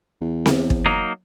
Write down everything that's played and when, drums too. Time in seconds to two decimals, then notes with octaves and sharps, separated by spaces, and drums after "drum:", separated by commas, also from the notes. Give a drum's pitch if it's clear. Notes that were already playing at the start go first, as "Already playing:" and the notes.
0.21 E2
0.46 drum: snare C4
0.70 drum: kick
0.86 F#3 A#3 D#4